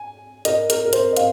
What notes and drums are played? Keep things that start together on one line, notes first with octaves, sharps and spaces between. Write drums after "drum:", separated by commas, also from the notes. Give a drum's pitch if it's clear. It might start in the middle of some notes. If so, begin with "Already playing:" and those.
Already playing: G#5
A#4 D#5, drum: hi-hat
A#4, drum: hi-hat
A#4
C5, drum: hi-hat
D#5
F5, drum: hi-hat